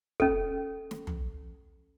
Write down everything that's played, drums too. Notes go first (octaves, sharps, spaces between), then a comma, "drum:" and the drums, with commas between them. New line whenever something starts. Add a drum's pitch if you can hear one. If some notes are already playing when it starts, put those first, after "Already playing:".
C#4 A4, drum: kick
drum: snare
drum: tom